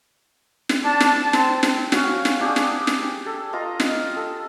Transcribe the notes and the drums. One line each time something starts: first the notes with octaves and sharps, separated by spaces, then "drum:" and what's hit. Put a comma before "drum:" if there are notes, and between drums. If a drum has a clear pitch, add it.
drum: snare
D4 A5
drum: snare
C4, drum: snare
drum: snare
C#4 F#4 F5 G#5, drum: snare
drum: snare
D4 G4 G#4
drum: snare
drum: snare
A4
F4 D#5 A#5
D#5, drum: snare
A4